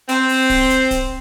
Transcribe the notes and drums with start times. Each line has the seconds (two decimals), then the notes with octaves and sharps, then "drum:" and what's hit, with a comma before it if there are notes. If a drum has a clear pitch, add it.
0.09 C4, drum: hi-hat
0.29 drum: open hi-hat
0.50 drum: kick D1, open hi-hat
0.70 drum: hi-hat
0.91 drum: kick D1, hi-hat